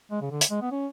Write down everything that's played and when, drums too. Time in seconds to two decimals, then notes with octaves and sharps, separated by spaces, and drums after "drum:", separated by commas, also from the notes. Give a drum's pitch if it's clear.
0.11 G#3
0.21 C#3
0.31 D3
0.41 drum: hi-hat
0.50 G#3
0.62 B3
0.71 C#4